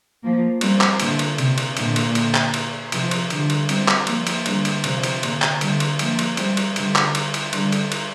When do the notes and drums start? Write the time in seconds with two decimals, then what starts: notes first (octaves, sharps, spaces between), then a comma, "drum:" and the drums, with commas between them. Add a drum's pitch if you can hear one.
0.24 F3 A#3
0.61 G3 C4, drum: cymbal
0.81 drum: clap
1.00 A#2 D3, drum: cymbal
1.19 drum: cymbal
1.38 C3, drum: cymbal
1.58 drum: cymbal
1.77 A#2 D3, drum: cymbal
1.96 drum: cymbal
2.15 drum: cymbal
2.35 drum: clap
2.54 drum: cymbal
2.92 C3 F3, drum: cymbal
3.11 drum: cymbal
3.30 D3 G3, drum: cymbal
3.50 drum: cymbal
3.69 G3 C4, drum: cymbal
3.88 drum: clap
4.07 F3 A#3, drum: cymbal
4.27 drum: cymbal
4.46 D3 G3, drum: cymbal
4.65 drum: cymbal
4.84 C3 F3, drum: cymbal
5.03 drum: cymbal
5.23 A#2 D3, drum: cymbal
5.42 drum: clap
5.61 D3 G3, drum: cymbal
5.80 drum: cymbal
5.99 F3 A#3, drum: cymbal
6.19 drum: cymbal
6.37 G3 C4, drum: cymbal
6.57 drum: cymbal
6.76 D3 G3, drum: cymbal
6.96 drum: clap
7.15 drum: cymbal
7.34 drum: cymbal
7.53 D3 G3, drum: cymbal
7.72 drum: cymbal
7.92 drum: cymbal